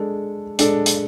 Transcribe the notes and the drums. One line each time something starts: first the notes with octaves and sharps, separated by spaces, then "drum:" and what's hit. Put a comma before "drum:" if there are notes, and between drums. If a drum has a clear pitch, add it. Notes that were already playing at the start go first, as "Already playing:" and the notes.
Already playing: G#3 D4 A4
G#3 D4 A4, drum: hi-hat
drum: hi-hat